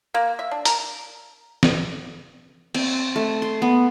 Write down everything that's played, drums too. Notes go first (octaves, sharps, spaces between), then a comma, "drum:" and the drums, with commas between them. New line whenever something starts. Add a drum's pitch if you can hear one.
A#3
E5
D4
A#4, drum: hi-hat
drum: snare
C4, drum: cymbal
A3
C6
B3